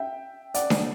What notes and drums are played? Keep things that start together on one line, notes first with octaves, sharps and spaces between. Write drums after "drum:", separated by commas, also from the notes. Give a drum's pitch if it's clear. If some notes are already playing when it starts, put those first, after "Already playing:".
Already playing: E5 G5
D5 F#5, drum: hi-hat
drum: snare D4